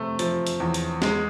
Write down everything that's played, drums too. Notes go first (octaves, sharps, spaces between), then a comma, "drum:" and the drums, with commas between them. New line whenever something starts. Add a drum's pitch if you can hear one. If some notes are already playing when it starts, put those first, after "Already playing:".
Already playing: C3 A3
F3, drum: hi-hat
drum: hi-hat
E2
drum: hi-hat
G#3, drum: snare